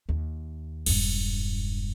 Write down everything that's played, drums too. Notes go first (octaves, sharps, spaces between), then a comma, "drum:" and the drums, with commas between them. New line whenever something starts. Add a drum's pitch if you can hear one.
D#2
E1 G2, drum: cymbal